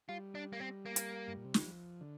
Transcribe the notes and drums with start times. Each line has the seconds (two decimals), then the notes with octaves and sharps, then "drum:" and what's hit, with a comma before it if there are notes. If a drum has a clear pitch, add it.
0.09 G3 F4
0.35 D4
0.53 A#3
0.60 C4
0.86 A#3
0.96 drum: hi-hat
1.28 G2
1.36 A#2
1.45 C3
1.54 D3, drum: snare
1.62 F3
2.01 D3